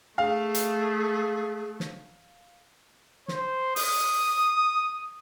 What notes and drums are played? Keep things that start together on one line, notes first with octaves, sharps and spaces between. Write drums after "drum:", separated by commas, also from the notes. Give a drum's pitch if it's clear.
A3 G#4 F5
drum: hi-hat
drum: snare
C5, drum: snare
D#6, drum: open hi-hat